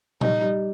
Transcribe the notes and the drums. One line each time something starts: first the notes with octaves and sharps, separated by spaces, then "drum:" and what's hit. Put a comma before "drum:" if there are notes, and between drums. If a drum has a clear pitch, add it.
G3 D#4, drum: tom A#2
G3